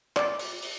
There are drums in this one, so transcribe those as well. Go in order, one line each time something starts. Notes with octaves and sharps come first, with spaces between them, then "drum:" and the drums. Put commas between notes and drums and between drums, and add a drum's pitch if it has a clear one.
D5, drum: clap
drum: open hi-hat
drum: open hi-hat